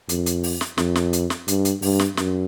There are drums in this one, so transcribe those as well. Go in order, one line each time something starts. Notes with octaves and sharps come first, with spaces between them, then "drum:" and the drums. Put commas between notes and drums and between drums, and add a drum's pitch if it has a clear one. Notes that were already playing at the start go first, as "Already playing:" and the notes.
F2, drum: hi-hat
drum: hi-hat
drum: open hi-hat
drum: snare
F2, drum: snare
drum: snare
drum: hi-hat
drum: snare
G2, drum: hi-hat
drum: hi-hat
G2, drum: open hi-hat
drum: snare
F#2, drum: snare